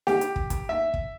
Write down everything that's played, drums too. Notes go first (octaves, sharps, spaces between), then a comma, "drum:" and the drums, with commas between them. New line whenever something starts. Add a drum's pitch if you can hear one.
G4, drum: snare D4
drum: hi-hat
drum: kick
drum: kick, hi-hat
E5
drum: kick